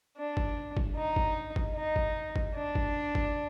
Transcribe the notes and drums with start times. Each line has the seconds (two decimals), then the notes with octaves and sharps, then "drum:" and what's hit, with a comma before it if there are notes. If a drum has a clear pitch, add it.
0.17 D4
0.37 drum: kick G1
0.77 drum: kick G1
0.96 D#4
1.16 drum: kick G1
1.56 drum: kick G1
1.76 D#4
1.96 drum: kick G1
2.36 drum: kick G1
2.55 D4
2.75 drum: kick G1
3.15 drum: kick G1